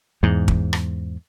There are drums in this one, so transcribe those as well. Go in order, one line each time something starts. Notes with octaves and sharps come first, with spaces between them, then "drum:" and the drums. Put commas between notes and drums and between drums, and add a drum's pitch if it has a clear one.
E2 G#2
drum: kick
drum: rim click